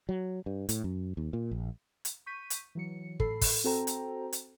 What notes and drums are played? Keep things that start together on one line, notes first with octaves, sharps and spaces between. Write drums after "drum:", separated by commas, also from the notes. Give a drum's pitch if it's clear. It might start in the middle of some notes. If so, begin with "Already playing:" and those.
F#3
G2
A2, drum: hi-hat
F#2
D#2
A#2
A#1
drum: hi-hat
C#6 G6 B6 D#7
drum: hi-hat
E3 F#3 C#7
A2 A4 B5 C7, drum: kick
drum: kick, open hi-hat
C4 F#4 A4 C5 G5 A#5
drum: hi-hat
drum: hi-hat